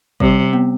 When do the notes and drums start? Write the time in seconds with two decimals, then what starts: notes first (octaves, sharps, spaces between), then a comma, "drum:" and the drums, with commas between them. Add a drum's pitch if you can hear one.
0.20 C3 G3, drum: kick
0.53 B3